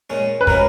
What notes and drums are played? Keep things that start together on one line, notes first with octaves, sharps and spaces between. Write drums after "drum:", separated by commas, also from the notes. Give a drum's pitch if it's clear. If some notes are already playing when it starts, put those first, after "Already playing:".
A#2 G#3 C#4
B4
C#3 G#3 C#4 F#4 A#4, drum: kick